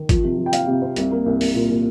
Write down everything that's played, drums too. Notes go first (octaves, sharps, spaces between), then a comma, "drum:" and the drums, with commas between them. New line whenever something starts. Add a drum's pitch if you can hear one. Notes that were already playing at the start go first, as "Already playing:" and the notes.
Already playing: D#3
F3, drum: kick G#1, hi-hat
C3
F3
G5
C4 F5, drum: hi-hat
C3
C4
C2, drum: hi-hat
A#3
C2
C2, drum: open hi-hat
A#2
A#2